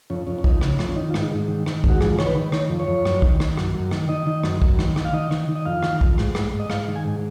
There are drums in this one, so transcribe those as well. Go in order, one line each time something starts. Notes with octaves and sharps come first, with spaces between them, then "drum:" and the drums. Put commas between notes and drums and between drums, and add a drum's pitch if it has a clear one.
F2 C#4
F2 C#4
C#4
F2 D#4, drum: kick A#1
C#3, drum: rim click
F2, drum: rim click
C#4
D#3 D#4
F4
G#2, drum: rim click
D#4
G#2
D#3
D#3, drum: rim click
G#2, drum: kick A#1
F#4
F2 G#4, drum: rim click
D#3 C#5, drum: rim click
B4
D#3
D#3 C#5, drum: rim click
F2
C#5
F2
F#2, drum: rim click
D#3, drum: kick A#1
D#3, drum: rim click
F#2, drum: rim click
F#2
D#3, drum: rim click
D#3 D#5
D#3
F#2, drum: rim click
F#2, drum: kick A#1
D#3, drum: rim click
D#3, drum: rim click
F5
D#3 D#5
D#3, drum: rim click
D#3
D#5
F2 F5
D#3, drum: rim click
F2, drum: kick A#1
G#2, drum: rim click
G#2, drum: rim click
G#2
D#5
G#2 F5, drum: rim click
D#3
G#5
G#2